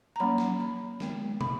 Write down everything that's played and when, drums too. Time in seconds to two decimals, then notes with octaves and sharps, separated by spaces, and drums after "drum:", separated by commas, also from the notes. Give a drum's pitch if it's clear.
0.16 A#5
0.20 F#3 A#3 C#4 B5
0.38 drum: snare
0.60 B5
1.00 D#3 G#3 B3, drum: snare
1.41 B5, drum: tom